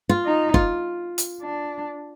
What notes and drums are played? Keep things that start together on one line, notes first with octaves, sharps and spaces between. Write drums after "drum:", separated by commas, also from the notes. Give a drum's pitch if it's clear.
F4
D#4
F4, drum: kick
drum: hi-hat
D4